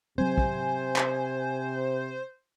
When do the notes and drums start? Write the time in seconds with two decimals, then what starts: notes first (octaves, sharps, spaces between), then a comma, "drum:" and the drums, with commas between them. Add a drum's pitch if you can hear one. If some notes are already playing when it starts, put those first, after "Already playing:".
0.18 C3 F#3 C4 C5 G#5
0.38 drum: kick
0.96 drum: clap